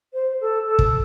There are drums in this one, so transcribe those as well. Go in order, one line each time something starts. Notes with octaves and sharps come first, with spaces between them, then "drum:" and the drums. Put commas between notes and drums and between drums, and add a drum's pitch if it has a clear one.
C5
A4
A4
drum: kick